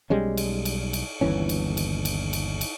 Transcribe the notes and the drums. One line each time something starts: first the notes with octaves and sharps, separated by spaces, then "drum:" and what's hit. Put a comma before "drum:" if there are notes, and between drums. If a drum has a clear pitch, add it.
B1 G3 G#3 C#4
drum: cymbal
drum: cymbal
drum: cymbal
G1 D#2 E3 C#4
drum: cymbal
drum: cymbal
drum: cymbal
drum: cymbal
drum: cymbal